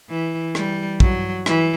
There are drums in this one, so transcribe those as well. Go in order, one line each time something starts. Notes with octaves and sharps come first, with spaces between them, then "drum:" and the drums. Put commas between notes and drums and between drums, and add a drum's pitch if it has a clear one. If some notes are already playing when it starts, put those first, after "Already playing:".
E3
G3, drum: rim click
F#3, drum: kick
E3, drum: rim click